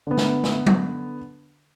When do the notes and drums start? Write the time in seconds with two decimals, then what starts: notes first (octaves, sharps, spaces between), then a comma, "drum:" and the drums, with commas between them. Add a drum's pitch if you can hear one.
0.07 D3 B3
0.17 drum: snare
0.44 drum: snare
0.66 drum: tom F#3